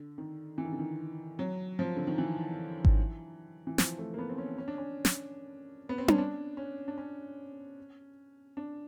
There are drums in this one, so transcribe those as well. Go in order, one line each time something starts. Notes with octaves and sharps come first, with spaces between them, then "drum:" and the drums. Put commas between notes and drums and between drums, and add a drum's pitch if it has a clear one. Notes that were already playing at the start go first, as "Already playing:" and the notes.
Already playing: D3
D#3
E3
D#3
D3
D#3
F#3
F3
D3
D#3
E3
drum: kick G#1
E3
F3, drum: snare
A3
A#3
B3
C4
C#4
C#4
D4
C#4
drum: snare
B3
C4
C#4, drum: tom D4
D4
C#4
D4
C#4
D4